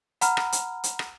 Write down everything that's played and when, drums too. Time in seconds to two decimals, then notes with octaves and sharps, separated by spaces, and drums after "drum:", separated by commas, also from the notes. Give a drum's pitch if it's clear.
0.21 F#5 A#5 B5 F6, drum: hi-hat
0.37 drum: rim click
0.52 drum: hi-hat
0.84 drum: hi-hat
0.99 drum: rim click